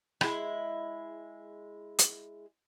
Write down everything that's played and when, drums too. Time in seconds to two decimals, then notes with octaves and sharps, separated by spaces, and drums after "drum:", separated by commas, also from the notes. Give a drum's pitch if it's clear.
0.21 G#3 E4, drum: rim click
1.99 drum: hi-hat